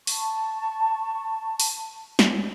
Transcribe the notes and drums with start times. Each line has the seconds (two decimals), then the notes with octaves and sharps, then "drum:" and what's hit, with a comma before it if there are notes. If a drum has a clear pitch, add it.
0.07 A5 C#6, drum: open hi-hat
1.60 drum: open hi-hat
2.19 drum: snare